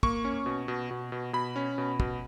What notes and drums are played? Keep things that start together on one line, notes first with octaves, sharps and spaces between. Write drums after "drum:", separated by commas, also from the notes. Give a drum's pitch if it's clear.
A#3 C#6, drum: kick
C#4
B2
B2
B2
B2
B2 B5
C#4
B2
B2, drum: kick